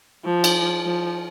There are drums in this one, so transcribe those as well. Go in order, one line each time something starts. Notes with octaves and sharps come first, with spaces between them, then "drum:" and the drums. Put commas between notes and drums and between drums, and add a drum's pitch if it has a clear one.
F3
drum: cymbal
F3